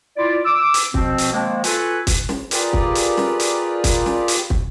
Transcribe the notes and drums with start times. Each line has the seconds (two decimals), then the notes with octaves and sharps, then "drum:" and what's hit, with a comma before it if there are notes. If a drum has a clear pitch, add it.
0.17 E4 F4 D5
0.45 D6 E6
0.74 drum: hi-hat
0.94 B2 F3 C4, drum: kick
1.18 drum: hi-hat
1.33 D#3 F3 G#3 A#3
1.64 F4 F#4 A4 B4 G#5, drum: hi-hat
2.07 drum: kick, hi-hat
2.29 drum: snare
2.51 F4 G4 G#4 A#4 B4 D5, drum: hi-hat
2.73 drum: kick
2.95 drum: hi-hat
3.17 drum: snare
3.40 drum: hi-hat
3.84 drum: kick, hi-hat
4.06 drum: snare
4.28 drum: hi-hat
4.50 drum: kick